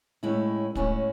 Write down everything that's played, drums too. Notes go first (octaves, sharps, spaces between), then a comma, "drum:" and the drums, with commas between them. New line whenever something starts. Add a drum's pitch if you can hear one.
A2 G#3 C#4 E4
A2 G#3 C#4 F#4, drum: kick